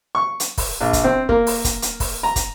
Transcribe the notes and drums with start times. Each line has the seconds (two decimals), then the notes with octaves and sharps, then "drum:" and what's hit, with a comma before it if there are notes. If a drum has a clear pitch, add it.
0.15 C#6
0.40 drum: hi-hat
0.58 drum: kick, open hi-hat
0.81 A#1
0.93 drum: kick, hi-hat
1.04 C4
1.29 A#3, drum: kick
1.47 drum: open hi-hat
1.64 drum: kick, hi-hat
1.82 drum: hi-hat
2.00 drum: kick, open hi-hat
2.23 A#5
2.36 drum: kick, hi-hat